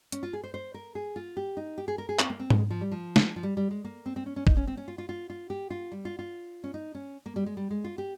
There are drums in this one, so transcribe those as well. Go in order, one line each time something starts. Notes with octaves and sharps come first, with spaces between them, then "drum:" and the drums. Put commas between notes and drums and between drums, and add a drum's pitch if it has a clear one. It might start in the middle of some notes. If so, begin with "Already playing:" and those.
C#4, drum: hi-hat
F4
G#4
C5
C5
A#4
G#4
F4
G4
D#4
G4
G#4
A#4
G#4
C4, drum: clap
A#3
C4
G#3, drum: tom G#2
F3
G3
F3
drum: snare
F3
G3
G3
G#3
A#3
C4
C4
C#4
C#4
D#4, drum: kick
C#4
C4
C#4
F4
F4
F4
F4
G4
F4
G3
F4
F4
C#4
D#4
C#4
A#3
G3
G#3
G3
G#3
F4
G4